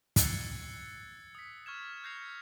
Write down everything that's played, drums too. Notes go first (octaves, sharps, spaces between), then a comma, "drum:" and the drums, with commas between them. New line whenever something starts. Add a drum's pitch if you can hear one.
E6 F#6 G#6 A6 C7 C#7, drum: kick, hi-hat
D#6 B6
C#6 F6 G#6 E7
F#6 G6 A#6 C7 C#7 F7